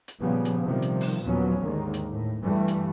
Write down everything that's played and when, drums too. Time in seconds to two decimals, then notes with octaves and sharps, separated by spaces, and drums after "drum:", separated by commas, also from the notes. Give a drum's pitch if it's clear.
0.08 drum: hi-hat
0.20 A#2 C#3 F3 G3 B3
0.45 drum: hi-hat
0.64 C3 D#3 F3 G3
0.82 drum: hi-hat
1.01 drum: open hi-hat
1.23 D#2 A#2 F3 F#3 B3 C#4
1.62 D#2 G#2 D3 D#3 A#3
1.94 drum: hi-hat
2.10 A2
2.43 G2 E3 G3 A3
2.68 drum: hi-hat